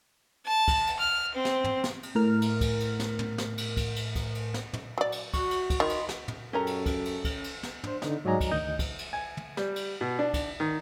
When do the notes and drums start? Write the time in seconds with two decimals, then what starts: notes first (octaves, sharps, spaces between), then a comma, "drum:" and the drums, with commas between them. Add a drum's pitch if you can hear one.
0.46 A5
0.68 drum: kick, cymbal
0.87 drum: cymbal
0.99 F6
1.35 C4
1.45 drum: snare
1.64 drum: tom
1.84 drum: snare
2.03 drum: cymbal
2.15 A2 A#4 F6
2.42 drum: cymbal
2.61 drum: kick, cymbal
2.80 drum: cymbal
3.00 drum: snare
3.19 drum: tom
3.38 drum: snare
3.58 drum: cymbal
3.77 drum: kick, cymbal
3.96 drum: cymbal
4.16 drum: kick, cymbal
4.35 drum: cymbal
4.54 drum: snare
4.73 drum: tom
4.98 F#3 D5
5.12 drum: cymbal
5.34 F#4 C#6, drum: kick, cymbal
5.51 drum: cymbal
5.70 drum: kick, cymbal
5.80 D#3 D#5 B5 C6
5.89 drum: cymbal
6.09 drum: snare
6.28 drum: tom
6.53 F#2 C#4 G4 A4 A#4 A#5
6.67 drum: cymbal
6.86 drum: kick, cymbal
7.05 drum: cymbal
7.25 drum: kick, cymbal
7.44 drum: cymbal
7.63 drum: snare
7.84 D4 C5, drum: tom
8.02 D3 D#4, drum: snare
8.25 G#2 F#3 D5 D#5 G#5 A#5
8.41 drum: kick, cymbal
8.51 D2 D#3 D#5 G6
8.79 drum: kick, cymbal
8.98 drum: cymbal
9.13 G#5
9.37 drum: tom
9.57 G3, drum: snare
9.76 drum: cymbal
10.01 B2
10.19 D4
10.34 drum: kick, cymbal
10.60 D#3